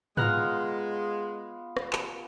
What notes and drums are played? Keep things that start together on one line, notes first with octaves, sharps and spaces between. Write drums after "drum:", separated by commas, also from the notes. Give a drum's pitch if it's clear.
G#3 B3 F4 A#5 F6 F#6, drum: tom G#2
drum: rim click
drum: clap